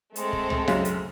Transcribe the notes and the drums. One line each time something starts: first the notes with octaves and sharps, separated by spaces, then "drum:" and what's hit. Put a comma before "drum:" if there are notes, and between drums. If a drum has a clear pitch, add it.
G#3 A3 C4 A4, drum: hi-hat
drum: kick
drum: tom
B1 F#2 C#3, drum: snare
drum: hi-hat